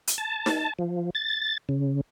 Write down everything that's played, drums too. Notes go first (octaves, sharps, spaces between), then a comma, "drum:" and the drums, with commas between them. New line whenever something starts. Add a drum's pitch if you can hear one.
drum: hi-hat
A5
drum: snare D#4
F3
A6
C#3